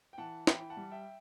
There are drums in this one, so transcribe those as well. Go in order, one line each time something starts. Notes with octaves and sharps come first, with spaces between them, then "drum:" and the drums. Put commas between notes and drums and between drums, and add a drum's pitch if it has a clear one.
G5
E3 F#5 A5
E3 G5 B5, drum: snare
F#5 A5
G3
E5 G5